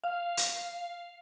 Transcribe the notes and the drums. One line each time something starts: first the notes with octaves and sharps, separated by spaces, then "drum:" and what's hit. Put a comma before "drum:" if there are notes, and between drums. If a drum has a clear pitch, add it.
F5
drum: hi-hat